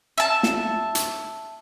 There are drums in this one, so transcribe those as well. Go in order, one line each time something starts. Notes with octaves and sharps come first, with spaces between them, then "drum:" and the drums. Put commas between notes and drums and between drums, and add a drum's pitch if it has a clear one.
E5 A5
drum: snare
drum: hi-hat